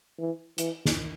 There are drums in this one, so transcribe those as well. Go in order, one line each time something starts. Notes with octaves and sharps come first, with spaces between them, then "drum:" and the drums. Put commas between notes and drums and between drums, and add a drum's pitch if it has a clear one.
E3
E3, drum: hi-hat
drum: snare